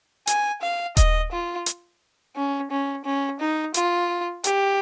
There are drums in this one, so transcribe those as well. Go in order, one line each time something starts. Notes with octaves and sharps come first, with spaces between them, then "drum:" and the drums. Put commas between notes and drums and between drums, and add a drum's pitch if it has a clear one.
G#5, drum: hi-hat
F5
D#5, drum: kick D#1, hi-hat
F4
drum: hi-hat
C#4
C#4
C#4
D#4
F4, drum: hi-hat
G4, drum: hi-hat